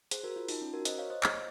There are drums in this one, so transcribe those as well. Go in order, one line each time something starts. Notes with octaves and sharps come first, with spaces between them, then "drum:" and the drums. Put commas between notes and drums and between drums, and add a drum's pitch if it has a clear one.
G#4 C5, drum: hi-hat
F#4 A#4
F4
D#4, drum: open hi-hat
C#4
F#4 A#4
C5 D#5, drum: hi-hat
C#5 F5
C5 D#5
C5 D#5, drum: clap